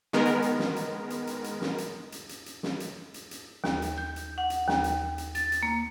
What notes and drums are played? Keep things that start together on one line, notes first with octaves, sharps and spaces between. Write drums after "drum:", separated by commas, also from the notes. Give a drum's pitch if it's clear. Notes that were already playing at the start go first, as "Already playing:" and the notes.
D#3 G#3 B3 A#4
drum: hi-hat
drum: hi-hat
drum: snare
drum: hi-hat
drum: hi-hat
drum: hi-hat
drum: hi-hat
drum: snare
drum: hi-hat
drum: hi-hat
drum: hi-hat
drum: hi-hat
drum: snare
drum: hi-hat
drum: hi-hat
drum: hi-hat
D#2, drum: snare
drum: hi-hat
G6
drum: hi-hat
F#5
drum: hi-hat
D#2, drum: snare
drum: hi-hat
drum: hi-hat
A6, drum: hi-hat
drum: hi-hat
A#3